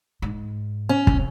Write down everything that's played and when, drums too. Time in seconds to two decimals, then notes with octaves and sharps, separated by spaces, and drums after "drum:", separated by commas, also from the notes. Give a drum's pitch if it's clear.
0.22 G#2
0.89 C#4
1.07 C2, drum: kick